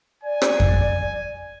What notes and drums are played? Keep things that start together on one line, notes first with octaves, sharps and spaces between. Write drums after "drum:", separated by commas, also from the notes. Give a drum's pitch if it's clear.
D5 G#5
drum: rim click
drum: kick F2